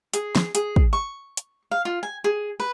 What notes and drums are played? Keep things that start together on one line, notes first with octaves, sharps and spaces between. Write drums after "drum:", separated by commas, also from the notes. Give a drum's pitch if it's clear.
G#4, drum: hi-hat
drum: snare
G#4, drum: hi-hat
drum: kick
C#6
drum: hi-hat
F5
F4
G#5
G#4
B4